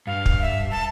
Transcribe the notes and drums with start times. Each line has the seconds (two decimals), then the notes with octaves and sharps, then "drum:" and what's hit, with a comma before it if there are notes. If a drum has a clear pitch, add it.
0.07 G2 F5
0.26 drum: kick
0.42 E5
0.71 A5